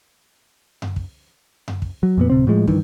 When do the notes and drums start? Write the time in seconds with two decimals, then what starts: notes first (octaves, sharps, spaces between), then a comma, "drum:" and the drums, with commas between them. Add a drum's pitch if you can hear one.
0.82 drum: tom F#2
0.96 drum: kick
1.68 drum: tom F#2
1.82 drum: kick
2.03 F#3
2.18 F2 A#2 B3
2.30 D1 C3 C4
2.47 A2 F3 G#3
2.68 G2 D#3 E3, drum: kick